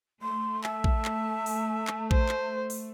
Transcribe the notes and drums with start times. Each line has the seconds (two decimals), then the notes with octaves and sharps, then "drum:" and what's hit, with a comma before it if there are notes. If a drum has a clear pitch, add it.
0.22 A3 C6
0.64 E5 A5, drum: clap
0.84 drum: kick
1.05 drum: clap
1.46 drum: open hi-hat
1.87 drum: clap
2.11 C5, drum: kick
2.29 drum: clap
2.70 drum: open hi-hat